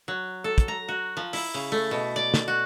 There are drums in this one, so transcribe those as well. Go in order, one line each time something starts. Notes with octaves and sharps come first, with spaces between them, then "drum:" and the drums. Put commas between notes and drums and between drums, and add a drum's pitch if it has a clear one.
F#3
A4
drum: kick, hi-hat
A#5
F#4
F3
E4, drum: open hi-hat
C#3
A3
B2
D5
drum: snare
F#4